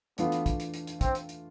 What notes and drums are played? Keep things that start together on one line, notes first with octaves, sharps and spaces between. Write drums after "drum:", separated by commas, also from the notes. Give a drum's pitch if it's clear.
E3 A3 B3 D4 F4, drum: hi-hat
drum: hi-hat
drum: kick, hi-hat
drum: hi-hat
drum: hi-hat
drum: hi-hat
C4, drum: kick, hi-hat
drum: hi-hat
drum: hi-hat